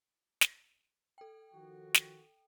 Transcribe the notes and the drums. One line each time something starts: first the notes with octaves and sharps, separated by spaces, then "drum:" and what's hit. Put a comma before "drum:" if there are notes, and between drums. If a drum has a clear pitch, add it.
drum: snare
A4 G5
D#3 F3 F#4
drum: snare